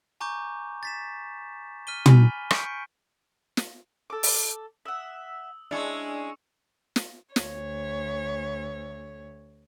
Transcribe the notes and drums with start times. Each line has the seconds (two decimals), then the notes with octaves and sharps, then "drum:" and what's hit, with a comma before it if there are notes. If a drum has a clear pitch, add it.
0.20 G#5 A#5 C#6 D6 G6
0.83 A6 B6 E7
1.87 F6 B6 D#7 G7
2.06 G#5 B5 F6 B6, drum: tom
2.50 C#6 G6 B6 C#7 D7, drum: rim click
3.57 drum: snare
4.10 A4 D6
4.23 drum: open hi-hat
4.86 E5 F#5 D#6 E6
5.71 G#3 C#4 D4 E4 C#6 C#7 F7
6.96 drum: snare
7.36 D2 C#5, drum: snare